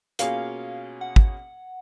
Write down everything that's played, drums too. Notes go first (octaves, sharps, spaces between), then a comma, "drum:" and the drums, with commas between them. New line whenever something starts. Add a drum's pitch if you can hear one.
B2 A#3 C#4 F4 G#4 F5, drum: hi-hat
F#5
drum: kick